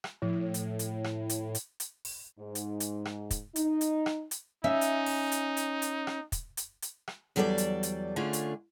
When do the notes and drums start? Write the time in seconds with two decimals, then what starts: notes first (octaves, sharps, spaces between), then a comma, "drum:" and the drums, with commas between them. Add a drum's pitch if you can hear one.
0.04 drum: rim click
0.22 A2 F3
0.54 drum: hi-hat
0.79 drum: hi-hat
1.04 drum: rim click
1.29 drum: hi-hat
1.55 drum: hi-hat
1.80 drum: hi-hat
2.05 drum: open hi-hat
2.40 G#2
2.55 drum: hi-hat
2.80 drum: hi-hat
3.05 drum: rim click
3.31 drum: kick, hi-hat
3.56 D#4, drum: hi-hat
3.81 drum: hi-hat
4.06 drum: rim click
4.31 drum: hi-hat
4.64 C#4 D#4 E5
4.81 drum: hi-hat
5.06 drum: open hi-hat
5.32 drum: hi-hat
5.57 drum: hi-hat
5.82 drum: hi-hat
6.07 drum: rim click
6.32 drum: kick, hi-hat
6.57 drum: hi-hat
6.82 drum: hi-hat
7.07 drum: rim click
7.36 E2 F#3 G3 A4 C5 D5
7.58 drum: hi-hat
7.83 drum: hi-hat
8.16 D3 A3 C#4 F4 G#4
8.33 drum: hi-hat